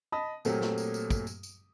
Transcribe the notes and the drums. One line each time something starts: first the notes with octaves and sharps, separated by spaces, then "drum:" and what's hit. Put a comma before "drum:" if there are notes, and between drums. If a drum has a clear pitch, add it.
D#5 A5 B5 D#6
A#2 F#3 A3 A#3 C4 G4, drum: tambourine
drum: snare
drum: tambourine
drum: tambourine
drum: kick, tambourine
drum: tambourine
drum: tambourine